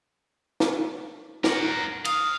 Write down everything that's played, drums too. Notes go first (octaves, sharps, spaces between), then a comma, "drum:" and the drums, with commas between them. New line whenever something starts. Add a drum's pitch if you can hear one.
drum: snare
A#4 F#5, drum: snare
F5 D#6, drum: cymbal